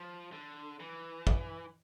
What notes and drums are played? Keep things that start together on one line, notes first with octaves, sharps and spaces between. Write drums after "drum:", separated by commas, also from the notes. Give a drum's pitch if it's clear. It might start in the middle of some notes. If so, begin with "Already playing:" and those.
Already playing: F3
D3
E3
drum: kick